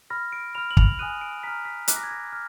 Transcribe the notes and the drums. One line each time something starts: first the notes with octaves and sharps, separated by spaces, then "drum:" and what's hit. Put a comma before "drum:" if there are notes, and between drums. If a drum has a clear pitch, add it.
B5 F6 A#6
D7
B5 F6 F7
F#7
F7, drum: kick
G#5 D#6 F#6 D#7
D7
A#5 F6 B6
B6
A#5 D6 F#6 B6, drum: hi-hat
A#6
G#6
A#6
F6